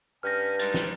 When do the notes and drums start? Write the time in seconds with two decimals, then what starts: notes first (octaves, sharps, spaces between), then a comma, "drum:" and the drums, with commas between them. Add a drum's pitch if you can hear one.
0.23 G2 C#4 F6 G6 A#6
0.59 G3 G#3 D#4 A6, drum: hi-hat
0.74 drum: snare